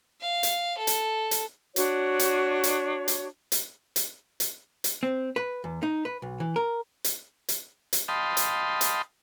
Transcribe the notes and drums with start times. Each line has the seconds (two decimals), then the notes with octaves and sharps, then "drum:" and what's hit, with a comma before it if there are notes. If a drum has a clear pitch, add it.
0.21 F5
0.43 drum: hi-hat
0.78 A4
0.87 drum: hi-hat
1.31 drum: hi-hat
1.76 D4 F#4 C#5, drum: hi-hat
2.19 drum: hi-hat
2.64 drum: hi-hat
3.08 drum: hi-hat
3.52 drum: hi-hat
3.96 drum: hi-hat
4.40 drum: hi-hat
4.84 drum: hi-hat
5.03 C4
5.36 B4
5.64 E2
5.83 D#4
6.05 B4
6.22 B1
6.40 E3
6.56 A#4
7.04 drum: hi-hat
7.49 drum: hi-hat
7.93 drum: hi-hat
8.08 D#5 F5 G5 A5 B5 C6
8.37 drum: hi-hat
8.81 drum: hi-hat